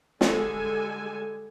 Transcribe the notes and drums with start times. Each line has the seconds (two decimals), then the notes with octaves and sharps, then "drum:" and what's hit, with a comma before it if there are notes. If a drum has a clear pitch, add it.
0.21 D3 G3 G#3 A4 G#5, drum: snare